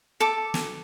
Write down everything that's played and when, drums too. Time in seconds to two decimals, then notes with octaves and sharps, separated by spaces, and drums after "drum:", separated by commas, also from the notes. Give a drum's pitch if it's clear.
0.20 A4 D6
0.54 drum: snare